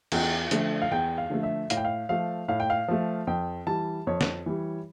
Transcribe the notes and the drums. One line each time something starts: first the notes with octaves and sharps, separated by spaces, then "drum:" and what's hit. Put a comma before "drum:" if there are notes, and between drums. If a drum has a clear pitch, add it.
E2 G5, drum: cymbal
D3 F3 A3, drum: hi-hat
F5
E2 G5
F5
D3 F3 A3
E5
A2 F5, drum: hi-hat
G5
F5
F3 A3 F5
A2 F5
G5
F5
F3 A3
F2 G5
E3 G3 A5
F2 C#5
drum: snare
E3 G3